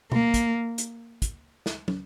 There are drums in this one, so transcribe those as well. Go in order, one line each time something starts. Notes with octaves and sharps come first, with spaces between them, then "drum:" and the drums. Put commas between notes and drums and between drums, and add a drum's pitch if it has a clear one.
A#3, drum: tom B2
drum: kick, hi-hat
drum: hi-hat
drum: kick, hi-hat
drum: snare
drum: tom